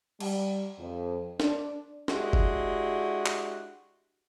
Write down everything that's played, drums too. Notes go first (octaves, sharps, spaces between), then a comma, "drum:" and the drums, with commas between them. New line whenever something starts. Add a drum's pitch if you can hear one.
G3, drum: cymbal
F2
D4, drum: snare
G#3 D4 E4 F#4 G4, drum: snare
drum: kick
drum: clap